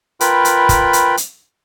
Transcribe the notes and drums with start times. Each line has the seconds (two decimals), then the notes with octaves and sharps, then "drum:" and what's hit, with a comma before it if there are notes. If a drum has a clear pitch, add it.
0.21 F4 A#4 B4 G5 B5, drum: hi-hat
0.45 drum: hi-hat
0.69 drum: kick, hi-hat
0.93 drum: hi-hat
1.17 drum: hi-hat